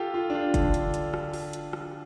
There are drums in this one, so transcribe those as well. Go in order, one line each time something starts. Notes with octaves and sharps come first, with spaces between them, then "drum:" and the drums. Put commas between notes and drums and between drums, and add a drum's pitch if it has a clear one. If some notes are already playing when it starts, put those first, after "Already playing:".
Already playing: F4 G4 A4
F4
D4
F4
D3, drum: kick, hi-hat
drum: hi-hat
drum: hi-hat
drum: rim click
drum: open hi-hat
drum: hi-hat
drum: rim click